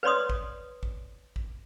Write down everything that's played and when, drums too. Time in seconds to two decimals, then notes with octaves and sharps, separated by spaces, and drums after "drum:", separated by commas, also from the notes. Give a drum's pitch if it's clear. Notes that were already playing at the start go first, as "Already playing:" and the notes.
0.03 B4 C#5 D5 C6 D#6
0.30 drum: kick
0.83 drum: kick
1.36 drum: kick